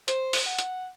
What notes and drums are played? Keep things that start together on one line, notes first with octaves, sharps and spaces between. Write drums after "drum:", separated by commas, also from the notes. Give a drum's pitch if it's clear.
C5, drum: hi-hat
drum: open hi-hat
F#5
drum: hi-hat